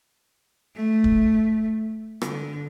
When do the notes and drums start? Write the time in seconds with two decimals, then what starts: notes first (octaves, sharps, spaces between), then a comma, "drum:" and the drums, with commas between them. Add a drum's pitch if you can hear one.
0.76 A3
1.04 drum: kick
2.22 D3, drum: rim click